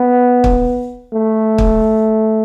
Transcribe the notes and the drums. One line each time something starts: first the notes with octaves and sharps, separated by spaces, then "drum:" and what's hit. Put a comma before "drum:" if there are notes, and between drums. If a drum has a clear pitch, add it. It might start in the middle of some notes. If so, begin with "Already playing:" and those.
Already playing: B3
drum: kick
A3
drum: kick